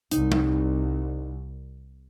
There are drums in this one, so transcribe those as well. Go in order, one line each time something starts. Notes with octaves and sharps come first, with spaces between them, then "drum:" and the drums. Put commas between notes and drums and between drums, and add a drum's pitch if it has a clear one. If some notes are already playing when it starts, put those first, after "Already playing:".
C2 D#4, drum: hi-hat
drum: tom